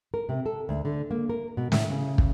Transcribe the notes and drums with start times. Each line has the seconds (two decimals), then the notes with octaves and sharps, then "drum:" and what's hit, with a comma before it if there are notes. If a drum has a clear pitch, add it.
0.14 A#4
0.29 C3
0.46 A4
0.69 D2
0.85 D3
1.11 A#3
1.29 A#4
1.57 B2
1.72 A2, drum: snare
1.90 C#3
2.18 drum: kick